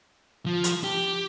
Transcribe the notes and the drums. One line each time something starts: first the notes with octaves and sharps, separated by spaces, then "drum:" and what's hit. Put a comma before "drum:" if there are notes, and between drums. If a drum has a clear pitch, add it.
F3
drum: hi-hat
G4